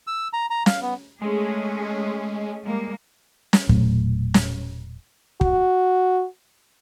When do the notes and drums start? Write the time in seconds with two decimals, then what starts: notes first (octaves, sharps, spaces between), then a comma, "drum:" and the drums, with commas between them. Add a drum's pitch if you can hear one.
0.07 E6
0.33 A#5
0.50 A#5
0.66 F5, drum: snare
0.82 B3
1.21 G#3 A3 C#4 G#4
2.66 G3 G#3 A#3
3.53 drum: snare
3.69 E1 A#2 F#3 A3, drum: kick
4.34 drum: snare
5.41 F#4, drum: kick